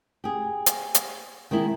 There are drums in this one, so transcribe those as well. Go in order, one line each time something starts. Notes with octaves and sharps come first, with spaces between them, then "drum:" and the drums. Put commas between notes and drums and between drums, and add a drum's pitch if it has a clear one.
G4 G#4
drum: hi-hat
drum: hi-hat
D#3 G#3 A#3 E4